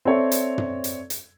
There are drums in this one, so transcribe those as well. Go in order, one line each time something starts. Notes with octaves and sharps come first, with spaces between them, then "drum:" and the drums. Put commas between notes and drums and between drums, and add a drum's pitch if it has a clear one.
C4 A4 C#5 D5 E5
drum: hi-hat
drum: tom
drum: hi-hat
drum: hi-hat